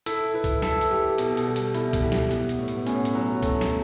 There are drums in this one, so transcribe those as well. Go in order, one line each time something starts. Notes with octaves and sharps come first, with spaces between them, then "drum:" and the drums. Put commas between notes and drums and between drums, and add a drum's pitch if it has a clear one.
E4 A4, drum: hi-hat
E4 B4
drum: kick, hi-hat
E4 A4, drum: snare
drum: hi-hat
G4
B2, drum: hi-hat
drum: hi-hat
G3
drum: hi-hat
B2 E4, drum: hi-hat
drum: kick, hi-hat
G4
drum: snare
B3, drum: hi-hat
drum: hi-hat
A2
drum: hi-hat
B3
A2 C#4, drum: hi-hat
drum: hi-hat
F#3
A3, drum: kick, hi-hat
drum: snare